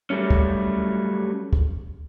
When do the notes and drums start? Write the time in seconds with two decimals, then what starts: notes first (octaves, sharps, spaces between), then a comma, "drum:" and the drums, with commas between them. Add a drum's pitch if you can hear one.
0.10 F#3 G3 A3 C#4
0.30 drum: kick
1.53 drum: kick